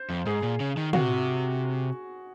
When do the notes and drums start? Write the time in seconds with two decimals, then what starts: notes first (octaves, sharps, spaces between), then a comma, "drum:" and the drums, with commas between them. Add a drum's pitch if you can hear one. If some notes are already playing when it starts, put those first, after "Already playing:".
Already playing: C5
0.10 F2
0.26 G#2 G#4
0.43 A#2
0.60 C#3
0.77 D#3
0.93 C3 F#4, drum: tom